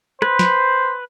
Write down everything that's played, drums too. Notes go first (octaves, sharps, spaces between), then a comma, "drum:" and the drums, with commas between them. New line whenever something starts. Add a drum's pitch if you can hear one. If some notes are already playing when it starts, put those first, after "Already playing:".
B4 C5, drum: rim click
drum: snare